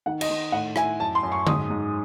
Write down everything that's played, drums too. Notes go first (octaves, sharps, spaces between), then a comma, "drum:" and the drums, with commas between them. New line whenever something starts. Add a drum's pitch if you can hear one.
D#3 F#5
D#5, drum: cymbal
D#3
A2 F#5
E4 G#5, drum: rim click
F#2 A5
C6
F#2
C#6
G#2 D#6, drum: tom D3
G#2